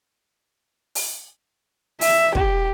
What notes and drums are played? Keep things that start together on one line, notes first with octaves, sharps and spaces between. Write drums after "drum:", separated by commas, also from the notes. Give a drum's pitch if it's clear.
drum: open hi-hat
E5, drum: open hi-hat
G4, drum: kick